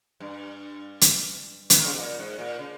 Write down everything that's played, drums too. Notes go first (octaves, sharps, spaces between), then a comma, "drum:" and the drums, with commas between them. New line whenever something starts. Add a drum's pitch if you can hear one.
G2
drum: hi-hat
E3, drum: hi-hat
D#3
C#3
B2
A#2
G#2
A#2
C#3